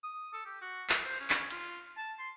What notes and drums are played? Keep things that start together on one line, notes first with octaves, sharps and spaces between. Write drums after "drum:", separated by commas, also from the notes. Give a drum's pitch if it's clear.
D#6
A4
G4
F#4
G4, drum: clap
C5
C#4
drum: clap
F4, drum: hi-hat
A5
C6